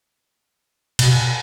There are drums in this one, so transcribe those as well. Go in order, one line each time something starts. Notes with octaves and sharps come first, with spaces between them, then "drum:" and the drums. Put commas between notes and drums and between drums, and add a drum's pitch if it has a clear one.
B2, drum: cymbal